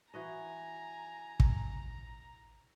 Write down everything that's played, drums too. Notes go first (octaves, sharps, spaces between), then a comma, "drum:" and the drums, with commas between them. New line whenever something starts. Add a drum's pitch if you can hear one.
E3 F#4 D#5 G#5 A#5
drum: kick